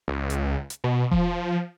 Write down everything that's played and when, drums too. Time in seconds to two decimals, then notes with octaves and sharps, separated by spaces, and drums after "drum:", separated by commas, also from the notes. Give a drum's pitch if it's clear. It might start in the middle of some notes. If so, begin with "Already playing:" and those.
0.08 C#2
0.30 drum: hi-hat
0.70 drum: hi-hat
0.84 B2
1.11 F3, drum: kick E1